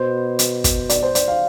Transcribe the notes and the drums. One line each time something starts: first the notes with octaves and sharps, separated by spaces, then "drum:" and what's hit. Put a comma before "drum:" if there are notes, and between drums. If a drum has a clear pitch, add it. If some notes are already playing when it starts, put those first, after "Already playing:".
Already playing: B2 C5
drum: hi-hat
drum: kick, hi-hat
D5, drum: hi-hat
C5
D5, drum: hi-hat
F5